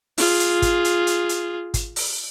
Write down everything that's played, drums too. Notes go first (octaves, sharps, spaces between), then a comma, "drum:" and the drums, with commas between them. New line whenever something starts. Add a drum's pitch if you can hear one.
F4 G#4, drum: open hi-hat
drum: hi-hat
drum: kick, hi-hat
drum: hi-hat
drum: hi-hat
drum: hi-hat
drum: kick, hi-hat
drum: open hi-hat